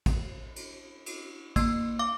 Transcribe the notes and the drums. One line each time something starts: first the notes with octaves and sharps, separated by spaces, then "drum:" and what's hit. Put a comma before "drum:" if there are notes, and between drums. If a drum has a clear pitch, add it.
drum: kick, cymbal
drum: cymbal
drum: cymbal
A#3, drum: kick, cymbal
F5 D6